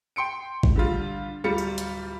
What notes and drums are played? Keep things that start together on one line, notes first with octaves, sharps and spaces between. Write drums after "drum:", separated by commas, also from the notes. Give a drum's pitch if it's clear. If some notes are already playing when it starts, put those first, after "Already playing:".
G5 C6 C#7 D7
drum: kick
D3 G3 F4
D1 G3 F4 C#7
drum: tambourine
drum: hi-hat